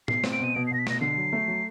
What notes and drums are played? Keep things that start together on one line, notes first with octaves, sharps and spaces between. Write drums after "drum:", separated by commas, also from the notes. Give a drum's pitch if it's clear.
B2 C7, drum: tom A2
C4, drum: snare
D7
B2 D#7
B2 D7
C7
B2 A#6
B6
B2 A#6, drum: snare
D3 C7
F#3
A3
F#3